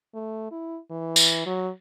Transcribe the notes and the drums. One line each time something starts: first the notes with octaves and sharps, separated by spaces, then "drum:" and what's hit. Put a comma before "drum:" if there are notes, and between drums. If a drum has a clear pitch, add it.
A3
E4
E3
drum: tambourine
F#3